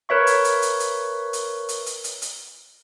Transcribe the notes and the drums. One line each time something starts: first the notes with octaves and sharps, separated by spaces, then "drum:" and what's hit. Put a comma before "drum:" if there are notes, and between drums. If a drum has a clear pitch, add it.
A#4 B4 C#5 E5 C#6
drum: hi-hat
drum: hi-hat
drum: hi-hat
drum: hi-hat
drum: hi-hat
drum: hi-hat
drum: hi-hat
drum: hi-hat
drum: hi-hat